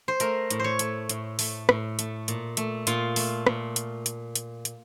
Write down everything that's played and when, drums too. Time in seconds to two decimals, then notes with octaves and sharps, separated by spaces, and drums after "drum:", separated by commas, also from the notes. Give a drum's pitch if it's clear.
0.08 C5
0.20 A3 A#4, drum: hi-hat
0.50 A2, drum: hi-hat
0.59 C5 C#5
0.79 A3, drum: hi-hat
1.09 A2, drum: hi-hat
1.39 A3, drum: open hi-hat
1.69 A2, drum: rim click
1.99 A3, drum: hi-hat
2.28 A#2, drum: hi-hat
2.57 A3, drum: hi-hat
2.87 A#2 F4, drum: hi-hat
3.16 A3, drum: open hi-hat
3.47 A#2, drum: rim click
3.76 drum: hi-hat
4.06 drum: hi-hat
4.35 drum: hi-hat
4.65 drum: hi-hat